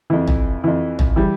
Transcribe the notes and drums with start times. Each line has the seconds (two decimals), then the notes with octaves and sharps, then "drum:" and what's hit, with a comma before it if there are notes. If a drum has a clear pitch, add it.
0.10 F2 E3
0.27 drum: tom
0.64 F2 E3
0.99 drum: tom
1.16 E3 G3